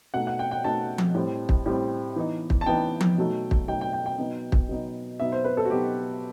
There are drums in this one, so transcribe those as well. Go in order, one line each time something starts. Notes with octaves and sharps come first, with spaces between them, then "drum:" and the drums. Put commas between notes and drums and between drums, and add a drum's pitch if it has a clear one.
B2 A3 D#4 F#5
F#5
G5
G5
B2 A3 D#4 A5
drum: tom F3
A2 G3 C4
drum: kick
A2 G3 C4
E3 B3 D#4
drum: kick
A5
E3 B3 D#4 G5
drum: tom F3
B2 F#3 A3 D#4
drum: kick
B2 F#3 A3 D#4 G5
G5
G5
G5
B2 F#3 B3 D#4
drum: kick
B2 F#3 B3 D#4
B2 F#3 B3 D#4 E5
C5
B4
A4
F#4
B2 F#3 B3 D#4 G4